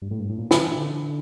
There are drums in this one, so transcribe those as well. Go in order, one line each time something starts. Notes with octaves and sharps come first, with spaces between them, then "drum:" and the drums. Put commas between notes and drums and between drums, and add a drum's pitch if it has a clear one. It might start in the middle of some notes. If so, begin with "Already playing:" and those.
G2
A2
G2
A2
A#2
D3, drum: snare
E3
D3